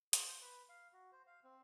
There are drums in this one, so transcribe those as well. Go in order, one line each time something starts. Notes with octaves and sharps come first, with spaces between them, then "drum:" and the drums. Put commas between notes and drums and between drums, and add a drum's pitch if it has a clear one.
G#4, drum: hi-hat
C5
B4
F5
F#4
C5
F5
C4